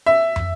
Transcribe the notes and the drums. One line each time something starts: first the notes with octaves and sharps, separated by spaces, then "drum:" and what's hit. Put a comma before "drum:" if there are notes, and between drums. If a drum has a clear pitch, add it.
E5
drum: tom